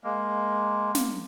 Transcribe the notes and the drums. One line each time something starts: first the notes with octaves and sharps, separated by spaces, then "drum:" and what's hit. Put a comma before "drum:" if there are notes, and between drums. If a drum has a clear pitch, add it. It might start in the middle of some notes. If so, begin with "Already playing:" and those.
G#3 A#3
drum: snare